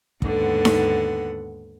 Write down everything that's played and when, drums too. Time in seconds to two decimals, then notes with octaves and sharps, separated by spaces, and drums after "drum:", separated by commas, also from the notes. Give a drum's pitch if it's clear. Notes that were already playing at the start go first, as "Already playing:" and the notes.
0.22 D#2 G#2 D3 B3 F#5, drum: kick
0.65 drum: snare D#4